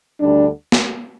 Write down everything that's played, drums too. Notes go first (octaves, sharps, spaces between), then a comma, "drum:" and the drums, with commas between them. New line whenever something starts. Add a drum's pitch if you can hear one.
D2 D3 G3 D4
drum: snare